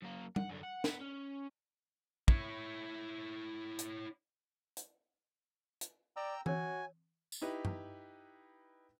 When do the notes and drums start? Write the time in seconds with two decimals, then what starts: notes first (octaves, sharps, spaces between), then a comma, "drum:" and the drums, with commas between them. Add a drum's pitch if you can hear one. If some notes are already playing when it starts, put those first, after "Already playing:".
0.02 F#2 A#3
0.36 F#5, drum: tom G3
0.49 F#2 D3
0.63 F#5
0.84 B3, drum: snare
1.01 C#4
2.28 E4 C#5, drum: kick
3.79 drum: hi-hat
4.77 drum: hi-hat
5.81 drum: hi-hat
6.16 D5 G5 A#5 E6
6.46 F#4 A#4 C#5 G#5, drum: tom E3
7.32 drum: tambourine
7.42 D#4 E4 G4 B4
7.65 drum: tom G2